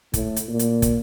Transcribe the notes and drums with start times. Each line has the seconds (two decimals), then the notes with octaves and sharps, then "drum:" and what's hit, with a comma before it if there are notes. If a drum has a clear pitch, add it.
0.14 A2, drum: kick, hi-hat
0.36 drum: hi-hat
0.48 A#2
0.59 drum: hi-hat
0.82 drum: kick, hi-hat